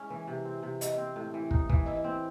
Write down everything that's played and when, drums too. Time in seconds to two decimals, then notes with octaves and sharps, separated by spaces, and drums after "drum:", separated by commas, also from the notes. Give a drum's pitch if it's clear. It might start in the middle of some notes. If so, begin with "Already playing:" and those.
Already playing: G#3 C#4 E4
0.10 E3
0.27 C3
0.45 C4
0.63 C3
0.81 E4 D#5, drum: hi-hat
0.98 C4
1.16 A2
1.34 E3
1.51 D#4, drum: kick
1.70 E3, drum: kick
1.86 E4 D#5
2.04 C4